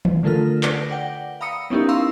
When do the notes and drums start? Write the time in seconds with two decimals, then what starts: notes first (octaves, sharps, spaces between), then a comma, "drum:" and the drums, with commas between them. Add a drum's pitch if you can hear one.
0.05 drum: tom D#3
0.23 D3 A3 F4 A4 A#4 F6
0.63 B4 D5 A#6, drum: clap
0.90 D5 F#5 G5
1.41 F5 A#5 B5 D#6 E6 C#7
1.70 B3 C#4 D#4 E4 G4 A#4
1.89 F5 A#5 C6 C#6 D#6 E6